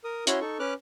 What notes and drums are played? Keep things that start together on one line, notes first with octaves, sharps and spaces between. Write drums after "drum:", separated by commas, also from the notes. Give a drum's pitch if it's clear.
A#4 D#6
C#4 E4 F#4 C#5 C6, drum: hi-hat
D#4 A4 C#6
C#4 B4 D6 F6 F#6